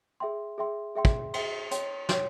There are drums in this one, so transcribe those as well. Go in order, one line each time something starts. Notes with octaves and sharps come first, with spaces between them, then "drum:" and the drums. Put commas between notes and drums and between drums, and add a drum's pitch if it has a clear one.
G#4 E5 G5 C6
G#4 E5 G5 C6
G#4 E5 G5 C6
drum: kick
G#4 E5 G5 C6, drum: cymbal
C#5 G5 C6, drum: hi-hat
C#5 G5 C6, drum: snare